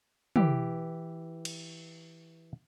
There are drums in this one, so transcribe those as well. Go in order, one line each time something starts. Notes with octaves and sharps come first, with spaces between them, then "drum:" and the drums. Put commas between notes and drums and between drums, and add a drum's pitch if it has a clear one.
E3 G4, drum: tom
drum: cymbal